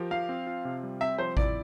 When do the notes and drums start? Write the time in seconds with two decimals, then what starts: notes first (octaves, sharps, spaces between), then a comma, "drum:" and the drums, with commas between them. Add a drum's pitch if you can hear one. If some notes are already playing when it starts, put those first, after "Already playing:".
Already playing: F3 G4 A#4
0.11 F3 F5
0.29 C4
0.47 F4
0.65 C3
0.83 G3
1.01 C4 E5
1.18 F3 C5
1.37 E4 D5, drum: kick G#1